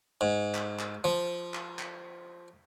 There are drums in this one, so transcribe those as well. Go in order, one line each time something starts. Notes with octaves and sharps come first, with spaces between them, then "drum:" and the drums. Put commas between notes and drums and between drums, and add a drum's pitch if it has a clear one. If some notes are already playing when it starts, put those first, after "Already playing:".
G#2
drum: clap
drum: clap
F3
drum: clap
drum: clap